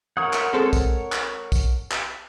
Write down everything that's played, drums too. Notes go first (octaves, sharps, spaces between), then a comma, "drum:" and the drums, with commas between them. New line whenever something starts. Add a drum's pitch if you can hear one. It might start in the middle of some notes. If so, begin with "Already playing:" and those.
A#4 C#5 F#5 D#6
drum: clap
G#3 C4 A4
drum: kick, tambourine
drum: clap
drum: kick, tambourine
drum: clap